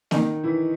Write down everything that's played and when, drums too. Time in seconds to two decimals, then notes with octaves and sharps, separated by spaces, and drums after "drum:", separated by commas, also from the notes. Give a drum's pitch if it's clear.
0.11 D#3 D#4, drum: snare A#3
0.44 E3 E4